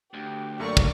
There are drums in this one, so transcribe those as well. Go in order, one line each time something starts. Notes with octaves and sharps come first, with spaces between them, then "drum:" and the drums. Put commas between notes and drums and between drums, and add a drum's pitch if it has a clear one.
D2 G4
F#2 A3 A#3 A#4 D5 C#6
drum: kick